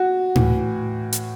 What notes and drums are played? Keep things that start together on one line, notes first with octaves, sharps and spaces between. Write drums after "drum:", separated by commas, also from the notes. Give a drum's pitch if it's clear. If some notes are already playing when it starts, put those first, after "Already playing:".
Already playing: F#4
A2 E3, drum: tom A2
drum: hi-hat